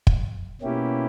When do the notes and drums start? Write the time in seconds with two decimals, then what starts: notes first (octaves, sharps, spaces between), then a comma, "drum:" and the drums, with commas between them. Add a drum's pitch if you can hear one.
0.07 drum: kick
0.61 B2 A#3 C#4 E4 G4